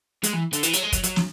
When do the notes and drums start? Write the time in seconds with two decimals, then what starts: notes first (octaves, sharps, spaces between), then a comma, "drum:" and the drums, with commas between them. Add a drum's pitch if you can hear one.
0.23 G#3, drum: hi-hat
0.33 E3
0.53 D3, drum: hi-hat
0.63 E3, drum: hi-hat
0.73 F#3, drum: hi-hat
0.83 G#3
0.92 F#3, drum: kick, hi-hat
1.03 F#3, drum: hi-hat
1.16 drum: snare